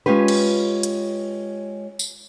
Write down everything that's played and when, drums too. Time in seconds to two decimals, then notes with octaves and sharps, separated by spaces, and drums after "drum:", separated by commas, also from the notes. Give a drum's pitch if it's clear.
0.06 G#3 C#4 F4 G4 B4
0.28 drum: cymbal
0.83 drum: hi-hat
1.99 drum: tambourine